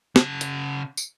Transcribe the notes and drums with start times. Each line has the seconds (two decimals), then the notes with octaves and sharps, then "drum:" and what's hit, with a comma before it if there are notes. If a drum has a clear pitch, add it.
0.16 C#3 A5, drum: snare
0.41 drum: hi-hat
0.97 drum: tambourine